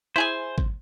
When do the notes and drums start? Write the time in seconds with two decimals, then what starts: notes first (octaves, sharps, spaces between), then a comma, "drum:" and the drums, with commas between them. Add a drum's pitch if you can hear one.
0.16 E4 G#4 C5 G#5
0.58 drum: kick G#1